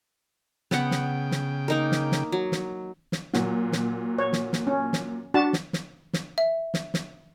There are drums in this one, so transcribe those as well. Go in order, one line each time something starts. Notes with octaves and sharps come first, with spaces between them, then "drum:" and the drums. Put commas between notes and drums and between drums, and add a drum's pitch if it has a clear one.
C#3 B3 F#5 G5, drum: snare
drum: snare
drum: snare
A#3 D#4 A#4
drum: snare
drum: snare
F#3
drum: snare
drum: snare
A#2 F#3, drum: snare
drum: snare
C#5
drum: snare
drum: snare
C#4
drum: snare
D4 F#4 A5
drum: snare
drum: snare
drum: snare
E5
drum: snare
drum: snare